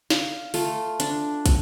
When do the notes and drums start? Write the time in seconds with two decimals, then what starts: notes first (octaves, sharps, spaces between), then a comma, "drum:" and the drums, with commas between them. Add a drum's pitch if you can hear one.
0.10 F5, drum: snare
0.54 A3 F4, drum: open hi-hat
1.00 D4, drum: hi-hat
1.46 drum: kick, hi-hat